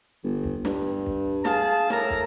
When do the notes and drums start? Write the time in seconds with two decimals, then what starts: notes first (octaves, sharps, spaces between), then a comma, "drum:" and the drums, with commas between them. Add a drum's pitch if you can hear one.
0.24 G1
0.44 drum: kick
0.65 G2, drum: snare
1.06 drum: kick
1.45 G#4 F5 A5, drum: snare
1.90 A2 A#4 A#5, drum: snare
2.10 drum: kick